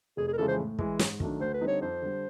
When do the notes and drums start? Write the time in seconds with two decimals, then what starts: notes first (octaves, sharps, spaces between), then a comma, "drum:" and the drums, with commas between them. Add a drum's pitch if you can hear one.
0.17 F1 G#4
0.28 G#4
0.33 A#4
0.37 F2 C#3 E3 G#3 A4
0.48 C5
0.58 A2
0.79 E3 G#3, drum: kick
0.99 G#2, drum: snare
1.20 D#3 F#3 A3 D4, drum: kick
1.40 D2 C5
1.54 B4
1.61 D3 G3 C4 D#4
1.67 C#5
1.82 F2 C5
2.02 D3 G3